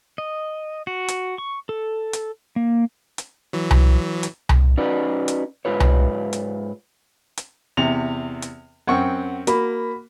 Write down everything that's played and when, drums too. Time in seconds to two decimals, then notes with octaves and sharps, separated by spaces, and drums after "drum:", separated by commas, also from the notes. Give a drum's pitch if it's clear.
0.18 D#5
0.87 F#4
1.08 drum: hi-hat
1.38 C#6
1.69 A4
2.13 drum: hi-hat
2.56 A#3
3.18 drum: hi-hat
3.53 E3 F#3
3.71 drum: tom C2
4.23 drum: hi-hat
4.49 drum: tom C2
4.78 C#4 D#4 F#4 B4 D5
5.28 drum: hi-hat
5.65 G#2 B2 F4 B4 C#5
5.80 drum: tom C2
6.33 drum: hi-hat
7.37 drum: hi-hat
7.77 E2 C3 F7
8.42 drum: hi-hat
8.87 F#2 C4 F#5 G5 C#6
9.47 A#3 F#4 B5, drum: hi-hat